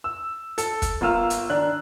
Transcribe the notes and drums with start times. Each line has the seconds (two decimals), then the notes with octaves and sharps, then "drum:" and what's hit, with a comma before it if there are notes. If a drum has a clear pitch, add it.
0.04 E6
0.58 A4, drum: hi-hat
0.82 drum: kick, hi-hat
1.01 G1 A#3 F4 E6 F6
1.30 drum: hi-hat
1.50 D#3 D4 F#6